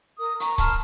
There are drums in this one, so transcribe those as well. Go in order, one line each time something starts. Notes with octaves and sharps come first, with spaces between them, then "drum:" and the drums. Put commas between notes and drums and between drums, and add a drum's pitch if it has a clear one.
A#4 D#6
A#5 C#6, drum: hi-hat
A5 C6 F6, drum: kick C#1, hi-hat